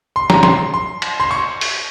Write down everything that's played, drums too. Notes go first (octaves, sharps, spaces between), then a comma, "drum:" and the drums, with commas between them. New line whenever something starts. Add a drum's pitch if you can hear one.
C6
A#5, drum: snare
C6, drum: snare
C6
drum: cymbal
C6
C#6
drum: open hi-hat